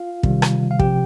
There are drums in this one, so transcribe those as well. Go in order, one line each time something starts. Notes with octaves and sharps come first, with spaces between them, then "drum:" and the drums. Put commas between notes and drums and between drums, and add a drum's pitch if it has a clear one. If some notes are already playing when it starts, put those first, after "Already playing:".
Already playing: F4 F5
C3 D#3 G3, drum: kick
drum: rim click
F5
C3 F3 G4 G5, drum: kick